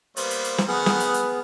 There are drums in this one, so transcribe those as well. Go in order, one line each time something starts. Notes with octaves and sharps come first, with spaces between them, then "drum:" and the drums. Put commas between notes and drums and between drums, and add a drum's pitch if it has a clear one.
G3 A#3 B3 C5, drum: hi-hat
drum: hi-hat
drum: hi-hat
drum: snare
D#3 B3 G#4 B4 F#5 F6
drum: snare
drum: hi-hat
drum: hi-hat